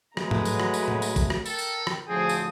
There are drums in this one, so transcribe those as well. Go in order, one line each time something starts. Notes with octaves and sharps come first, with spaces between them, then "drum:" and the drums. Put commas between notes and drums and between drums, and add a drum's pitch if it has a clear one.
F#3 G#3 A3 B4 A#5, drum: rim click
drum: tom G#2
drum: tambourine
drum: rim click
drum: tambourine
drum: tom A2
drum: tambourine
drum: kick, tambourine
drum: rim click
A4 A#4 G5, drum: tambourine
drum: tambourine
drum: rim click
D2 A2 F3 C4 G#4 D#6
drum: tambourine